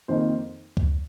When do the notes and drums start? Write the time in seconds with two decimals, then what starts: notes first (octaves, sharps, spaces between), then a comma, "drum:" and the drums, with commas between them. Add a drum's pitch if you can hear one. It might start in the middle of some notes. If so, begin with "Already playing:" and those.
0.08 F2 D#3 A#3 D#4 C5
0.77 drum: kick C#2